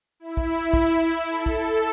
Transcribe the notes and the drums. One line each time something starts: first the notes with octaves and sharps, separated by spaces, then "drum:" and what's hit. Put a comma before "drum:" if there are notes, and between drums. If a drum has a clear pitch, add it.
E4
drum: kick
drum: kick
A4
drum: kick